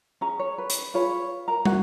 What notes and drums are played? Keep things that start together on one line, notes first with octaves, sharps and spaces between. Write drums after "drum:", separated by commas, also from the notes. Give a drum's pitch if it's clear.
C#4 G#4 A#5
C#5
B4
drum: hi-hat
F4 G#4 B4 C#5
A#4 A#5
C#4 F#4 F#5, drum: tom